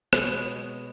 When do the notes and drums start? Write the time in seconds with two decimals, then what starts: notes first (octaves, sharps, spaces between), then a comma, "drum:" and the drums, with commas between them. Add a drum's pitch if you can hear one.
0.13 B2 G#3 B3 C#5, drum: rim click